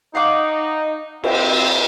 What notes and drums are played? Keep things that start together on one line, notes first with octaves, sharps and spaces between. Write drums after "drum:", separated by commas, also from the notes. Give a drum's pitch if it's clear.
D#4 F5 F#5 D6
C4, drum: cymbal